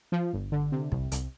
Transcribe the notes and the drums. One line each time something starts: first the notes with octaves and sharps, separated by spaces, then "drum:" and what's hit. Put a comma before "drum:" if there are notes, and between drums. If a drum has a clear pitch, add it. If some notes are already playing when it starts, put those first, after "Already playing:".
F3
G1
D3
C3
C2, drum: kick
C2, drum: hi-hat